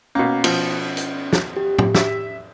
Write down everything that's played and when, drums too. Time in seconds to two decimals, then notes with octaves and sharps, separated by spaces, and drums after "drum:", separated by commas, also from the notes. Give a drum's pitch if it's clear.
0.15 B2 A#3 C#4
0.44 B2 F3, drum: cymbal
0.97 drum: hi-hat
1.33 drum: snare
1.57 G4
1.79 drum: tom
1.95 E5, drum: snare